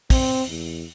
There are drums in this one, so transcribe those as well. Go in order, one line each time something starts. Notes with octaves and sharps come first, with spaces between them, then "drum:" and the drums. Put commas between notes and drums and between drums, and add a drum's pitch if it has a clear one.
C4, drum: kick, open hi-hat
E2